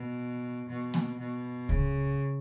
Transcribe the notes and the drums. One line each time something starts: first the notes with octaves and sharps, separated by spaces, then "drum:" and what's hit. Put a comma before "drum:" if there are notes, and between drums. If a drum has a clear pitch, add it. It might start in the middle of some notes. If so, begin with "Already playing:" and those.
Already playing: B2
B2
drum: snare A#3
B2
C#3, drum: kick C#2